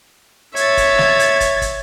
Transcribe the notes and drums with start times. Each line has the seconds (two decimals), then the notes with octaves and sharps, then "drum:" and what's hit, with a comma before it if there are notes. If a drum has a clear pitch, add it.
0.56 C#5 E5 G#6 A6, drum: hi-hat
0.77 drum: kick, hi-hat
0.98 drum: snare
1.19 drum: hi-hat
1.41 drum: kick, hi-hat
1.62 drum: kick, hi-hat